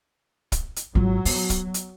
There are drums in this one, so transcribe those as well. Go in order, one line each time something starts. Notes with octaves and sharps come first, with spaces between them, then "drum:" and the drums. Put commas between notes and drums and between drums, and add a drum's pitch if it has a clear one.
drum: kick, hi-hat
drum: hi-hat
G#1 F#3 F4
B3, drum: open hi-hat
drum: kick, hi-hat
drum: hi-hat